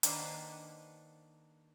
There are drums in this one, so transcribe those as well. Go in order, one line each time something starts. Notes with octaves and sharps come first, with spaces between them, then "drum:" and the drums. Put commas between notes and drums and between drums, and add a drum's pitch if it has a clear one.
D#3 A#3 D4 B4 C5 F#5, drum: hi-hat